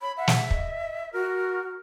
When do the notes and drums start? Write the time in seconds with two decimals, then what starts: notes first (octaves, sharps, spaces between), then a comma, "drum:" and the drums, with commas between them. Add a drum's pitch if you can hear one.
0.02 C#5 B5
0.17 E5 F#5
0.28 drum: snare
0.51 D#5, drum: kick
1.13 F#4 A#4